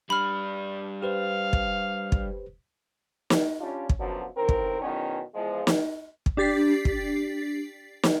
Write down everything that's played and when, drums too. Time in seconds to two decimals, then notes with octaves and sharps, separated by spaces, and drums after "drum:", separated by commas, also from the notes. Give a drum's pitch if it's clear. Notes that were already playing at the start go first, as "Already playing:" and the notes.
0.10 G3 D4 B5 F6
1.03 G4 B4 C5 F5
1.53 drum: kick
2.12 drum: kick
3.30 drum: snare
3.60 G3 C#4 D4 F4
3.89 drum: kick
3.99 F#2 B2 D3 F3 F#3
4.37 A1 D#3 C4 A#4
4.49 drum: kick
4.82 E2 B2 D#3 E3 F#3 C#4
5.35 E2 F3 G#3
5.67 drum: snare
6.26 drum: kick
6.37 D4 G4 A6 B6 C7
6.85 drum: kick
8.03 drum: snare